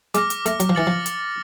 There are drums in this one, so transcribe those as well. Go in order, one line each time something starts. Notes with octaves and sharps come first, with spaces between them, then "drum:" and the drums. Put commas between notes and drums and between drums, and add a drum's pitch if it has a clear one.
G#3 D6 F6 A#6, drum: hi-hat
drum: hi-hat
A3 D6 F6 A#6, drum: hi-hat
F#3, drum: hi-hat
F3
E3 A6 C#7 F#7
F3
drum: hi-hat